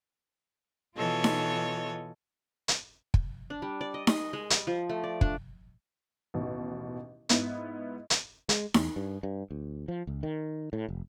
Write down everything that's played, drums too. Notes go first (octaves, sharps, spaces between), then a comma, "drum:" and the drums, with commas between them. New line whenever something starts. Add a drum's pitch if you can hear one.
B2 E3 F4 A4 C#5 D#5
drum: snare D#4
drum: hi-hat
drum: kick
D4
G3
D5
D#5
D#5, drum: snare D#4
G#3
G3, drum: hi-hat
F3
A3
D5
D4, drum: kick
A1 D#2 B2
G#2 B3 E4, drum: hi-hat
drum: hi-hat
G#3, drum: hi-hat
E2, drum: snare D#4
G2
G2
D2
F3
C#2
D#3
A2
F1